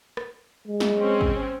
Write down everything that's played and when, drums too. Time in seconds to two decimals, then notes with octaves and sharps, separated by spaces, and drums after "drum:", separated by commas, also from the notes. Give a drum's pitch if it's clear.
0.17 drum: rim click
0.67 G#3
0.80 drum: snare
0.97 C4 C#4
1.21 drum: kick